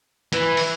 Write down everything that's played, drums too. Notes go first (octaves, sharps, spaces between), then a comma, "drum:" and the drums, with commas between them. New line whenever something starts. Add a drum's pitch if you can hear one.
E3, drum: hi-hat
drum: open hi-hat